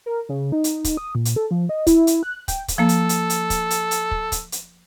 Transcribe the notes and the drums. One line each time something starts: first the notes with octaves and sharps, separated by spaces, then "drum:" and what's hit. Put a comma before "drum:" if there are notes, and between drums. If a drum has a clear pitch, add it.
A#4
C#3
D#4
drum: hi-hat
drum: kick, hi-hat
D#6
A#2
drum: hi-hat
A4
F3
D#5
E4, drum: kick, hi-hat
drum: hi-hat
F#6
G5, drum: kick, hi-hat
drum: kick, hi-hat
F3 A#3 A4
drum: hi-hat
drum: hi-hat
drum: hi-hat
drum: kick, hi-hat
drum: hi-hat
drum: hi-hat
drum: kick
drum: kick, hi-hat
drum: hi-hat